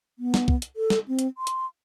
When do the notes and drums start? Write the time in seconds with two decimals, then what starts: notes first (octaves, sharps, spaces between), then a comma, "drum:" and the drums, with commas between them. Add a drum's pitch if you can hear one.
0.19 B3
0.34 drum: snare
0.48 drum: kick
0.62 drum: hi-hat
0.76 A4
0.90 drum: snare
1.08 C4
1.19 drum: hi-hat
1.38 C6
1.47 drum: hi-hat